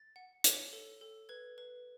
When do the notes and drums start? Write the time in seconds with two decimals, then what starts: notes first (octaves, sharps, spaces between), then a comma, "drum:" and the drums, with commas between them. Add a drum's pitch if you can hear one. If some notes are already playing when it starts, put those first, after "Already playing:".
Already playing: A6
0.16 F#5
0.44 C#5, drum: hi-hat
0.73 A4
1.01 A4
1.29 B4 G#6
1.58 B4